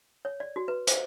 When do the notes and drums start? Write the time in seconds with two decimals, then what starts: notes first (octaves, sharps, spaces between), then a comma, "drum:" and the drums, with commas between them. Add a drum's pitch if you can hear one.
0.25 C#5
0.40 D5
0.56 F#4
0.68 B4
0.87 C5, drum: hi-hat